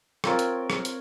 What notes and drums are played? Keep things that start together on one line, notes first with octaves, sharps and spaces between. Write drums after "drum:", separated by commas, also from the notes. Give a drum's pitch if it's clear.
C4 F4 A#4 C#5, drum: rim click
drum: hi-hat
drum: rim click
drum: hi-hat